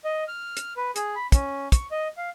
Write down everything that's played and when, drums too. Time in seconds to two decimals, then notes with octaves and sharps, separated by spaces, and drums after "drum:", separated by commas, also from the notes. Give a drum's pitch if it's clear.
0.05 D#5
0.28 F6
0.57 drum: hi-hat
0.77 B4
0.96 G#4, drum: hi-hat
1.16 B5
1.32 C#4, drum: kick, hi-hat
1.72 C#6, drum: kick, hi-hat
1.92 D#5
2.17 F5